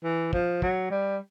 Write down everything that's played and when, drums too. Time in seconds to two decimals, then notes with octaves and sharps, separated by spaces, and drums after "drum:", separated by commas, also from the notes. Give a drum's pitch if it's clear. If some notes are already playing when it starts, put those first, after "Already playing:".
0.04 E3
0.33 F3, drum: kick
0.62 F#3, drum: kick
0.91 G3